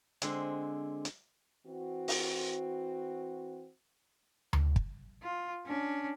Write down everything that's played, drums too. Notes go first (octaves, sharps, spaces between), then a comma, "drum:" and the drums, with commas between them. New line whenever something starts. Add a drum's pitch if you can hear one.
D3 G#3 C4, drum: hi-hat
drum: hi-hat
E3 C4 F#4
drum: open hi-hat
drum: tom D2
drum: kick
F4
C#4 D4